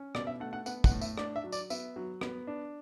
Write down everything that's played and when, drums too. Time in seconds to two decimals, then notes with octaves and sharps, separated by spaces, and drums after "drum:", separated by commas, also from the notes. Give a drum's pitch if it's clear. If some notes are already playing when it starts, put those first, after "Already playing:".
Already playing: C#4
0.15 B2 D5, drum: rim click
0.27 E5
0.40 A3 F#5
0.53 F#5
0.66 B3 F#5, drum: tambourine
0.84 F#5, drum: kick, tambourine
0.92 A2
1.01 E5, drum: tambourine
1.18 D4 D5, drum: rim click
1.36 E5
1.44 F#3
1.52 D5, drum: tambourine
1.70 B3 E5, drum: tambourine
1.96 F#3
2.21 B3, drum: rim click
2.47 D4